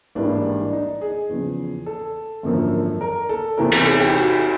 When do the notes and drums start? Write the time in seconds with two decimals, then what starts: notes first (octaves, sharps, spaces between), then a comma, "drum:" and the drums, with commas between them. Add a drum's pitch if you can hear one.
0.15 A1 G#2 E3 G3 A#3 D4
0.73 D#4
1.01 G#4
1.29 E2 C#3 F3
1.86 A4
2.43 G#1 F#2 D3 F3 A#3
3.01 A#4
3.29 A4
3.57 E2 C3 E3 A3 A#4
3.72 A4, drum: cymbal
3.85 G#4
4.00 G4
4.15 F#4